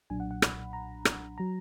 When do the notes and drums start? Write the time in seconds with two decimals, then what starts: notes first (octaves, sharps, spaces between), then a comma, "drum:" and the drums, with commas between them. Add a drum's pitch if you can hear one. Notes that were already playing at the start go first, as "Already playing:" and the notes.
0.10 B1 A#2 F#3 D4 G#5
0.20 F#5
0.31 F#5
0.42 B5, drum: rim click
0.73 A#5
1.05 drum: rim click
1.38 F#3 A#5